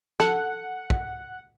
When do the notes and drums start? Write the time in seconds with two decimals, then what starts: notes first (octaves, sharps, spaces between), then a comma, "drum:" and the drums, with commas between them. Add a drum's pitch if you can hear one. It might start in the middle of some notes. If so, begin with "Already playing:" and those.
0.20 A4 F#5, drum: snare
0.90 drum: kick